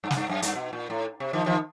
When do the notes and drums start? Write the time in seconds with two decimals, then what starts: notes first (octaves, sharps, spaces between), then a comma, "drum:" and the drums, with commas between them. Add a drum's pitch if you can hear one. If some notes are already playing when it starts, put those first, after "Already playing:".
0.04 G2
0.11 F#2, drum: snare
0.17 G2
0.29 F#2
0.42 G2, drum: hi-hat
0.56 B2
0.73 A#2
0.90 A2
1.20 C3
1.33 D#3 F3
1.46 D#3 F3